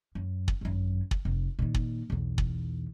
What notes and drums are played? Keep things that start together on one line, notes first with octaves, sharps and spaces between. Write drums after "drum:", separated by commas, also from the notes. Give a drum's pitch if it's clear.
F#2
drum: kick
G#1 F#2
drum: kick
F1
A#2 D#3
drum: kick
B1 E2
drum: kick